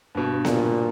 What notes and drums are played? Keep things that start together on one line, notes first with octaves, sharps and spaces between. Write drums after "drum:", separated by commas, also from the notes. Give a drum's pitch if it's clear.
G2 B2
A#2, drum: snare B3